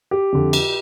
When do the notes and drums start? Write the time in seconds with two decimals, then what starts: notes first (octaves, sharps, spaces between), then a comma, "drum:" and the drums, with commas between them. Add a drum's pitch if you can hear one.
0.11 G4
0.32 F2 D3
0.53 drum: cymbal